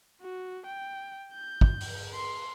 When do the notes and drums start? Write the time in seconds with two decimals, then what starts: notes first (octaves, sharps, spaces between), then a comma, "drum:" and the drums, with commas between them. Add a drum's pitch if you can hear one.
0.22 F#4
0.66 G5
1.33 G6
1.61 drum: kick
1.81 drum: open hi-hat
2.15 C6